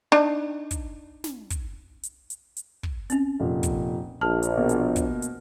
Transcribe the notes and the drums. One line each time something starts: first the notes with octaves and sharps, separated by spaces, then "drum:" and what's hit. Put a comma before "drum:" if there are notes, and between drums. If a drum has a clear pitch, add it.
D4 D#4
drum: kick, hi-hat
drum: snare
drum: kick, hi-hat
drum: hi-hat
drum: hi-hat
drum: hi-hat
drum: kick
C4 C#4, drum: hi-hat
F1 A#2
drum: kick, hi-hat
A#1 A5 F6
drum: hi-hat
B2 A#3
drum: hi-hat
drum: kick, hi-hat
drum: hi-hat